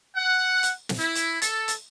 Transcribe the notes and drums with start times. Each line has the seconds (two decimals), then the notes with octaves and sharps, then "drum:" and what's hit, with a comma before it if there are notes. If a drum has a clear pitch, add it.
0.16 F#5
0.63 drum: hi-hat
0.89 drum: snare
0.98 E4
1.15 drum: hi-hat
1.42 A4, drum: hi-hat
1.68 drum: hi-hat